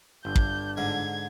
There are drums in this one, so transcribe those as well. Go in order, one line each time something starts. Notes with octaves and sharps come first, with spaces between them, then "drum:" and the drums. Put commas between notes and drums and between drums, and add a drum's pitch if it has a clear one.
G1 D4 G6
drum: kick
G#2 D3 G#6